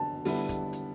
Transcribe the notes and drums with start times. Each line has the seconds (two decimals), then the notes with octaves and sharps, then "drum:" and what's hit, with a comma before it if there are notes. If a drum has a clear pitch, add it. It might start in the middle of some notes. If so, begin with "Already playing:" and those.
Already playing: D3 A5
0.25 D3 G3 B3 E4, drum: open hi-hat
0.49 drum: kick, hi-hat
0.73 drum: hi-hat